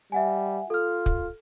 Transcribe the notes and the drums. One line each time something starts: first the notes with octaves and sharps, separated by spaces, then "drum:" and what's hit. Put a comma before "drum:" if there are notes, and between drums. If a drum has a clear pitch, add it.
G3 E5 F#5 G#5
F4 A4 F6
drum: kick